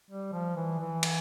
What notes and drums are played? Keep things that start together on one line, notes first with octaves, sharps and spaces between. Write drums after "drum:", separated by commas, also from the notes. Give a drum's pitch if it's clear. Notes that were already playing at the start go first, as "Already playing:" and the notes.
G3
F3
E3
E3
drum: cymbal